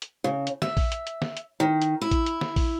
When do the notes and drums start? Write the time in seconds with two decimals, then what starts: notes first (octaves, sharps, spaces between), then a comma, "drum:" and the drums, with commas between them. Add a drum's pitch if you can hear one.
0.02 drum: hi-hat
0.24 C#3
0.47 drum: hi-hat
0.62 E5, drum: snare
0.77 drum: kick A#1, open hi-hat
0.92 drum: hi-hat
1.07 drum: hi-hat
1.22 drum: snare
1.37 drum: hi-hat
1.60 D#3
1.82 drum: hi-hat
2.01 E4
2.11 drum: kick A#1, hi-hat
2.26 drum: hi-hat
2.41 drum: snare
2.56 drum: kick A#1, open hi-hat